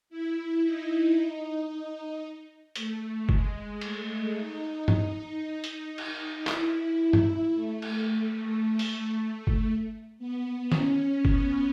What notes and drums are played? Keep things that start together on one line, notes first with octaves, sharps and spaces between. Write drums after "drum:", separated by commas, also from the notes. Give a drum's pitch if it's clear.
E4
D#4
D#4
A3, drum: hi-hat
G#3, drum: kick F#1
A3, drum: cymbal
D#4
D#4, drum: tom G2
drum: hi-hat
drum: cymbal
E4, drum: clap
E4
drum: tom G2
A3
drum: cymbal
A3
drum: open hi-hat
drum: kick F#1
B3
C#4, drum: snare
B3, drum: kick F#1